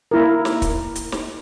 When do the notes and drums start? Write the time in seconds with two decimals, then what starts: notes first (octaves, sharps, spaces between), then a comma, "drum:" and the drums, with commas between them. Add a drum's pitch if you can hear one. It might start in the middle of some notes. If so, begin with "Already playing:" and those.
0.11 A#3 E4 A#4
0.45 drum: snare
0.62 drum: kick, hi-hat
0.95 drum: hi-hat
1.12 drum: snare